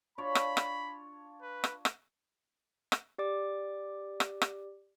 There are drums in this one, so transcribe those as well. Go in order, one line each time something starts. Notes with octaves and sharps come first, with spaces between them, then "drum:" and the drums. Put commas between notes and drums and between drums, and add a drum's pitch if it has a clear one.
D4 F4 C#5 B5
drum: rim click
drum: rim click
B4
drum: rim click
drum: rim click
drum: rim click
G4 D5 D6
drum: rim click
drum: rim click